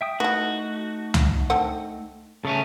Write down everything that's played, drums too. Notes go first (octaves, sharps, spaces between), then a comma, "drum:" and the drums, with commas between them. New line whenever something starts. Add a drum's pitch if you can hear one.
E5 G5 D#6
A3 B3 D#4 E4 F#4
drum: tom
D3 C4 F#5
C#3 A3 C#4 A4